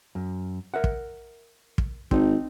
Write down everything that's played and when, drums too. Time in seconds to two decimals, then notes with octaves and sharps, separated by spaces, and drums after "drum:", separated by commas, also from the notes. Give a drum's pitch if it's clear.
0.15 F#2
0.74 A#4 E5 F#5
0.84 drum: kick
1.78 drum: kick
2.11 G#1 C4 D#4, drum: kick